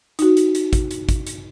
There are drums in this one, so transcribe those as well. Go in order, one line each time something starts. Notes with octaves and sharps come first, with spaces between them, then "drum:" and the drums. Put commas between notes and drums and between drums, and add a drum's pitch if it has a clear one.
D#4 F#4, drum: hi-hat
drum: hi-hat
drum: hi-hat
drum: kick G#1, hi-hat
drum: hi-hat
drum: kick G#1, hi-hat
drum: hi-hat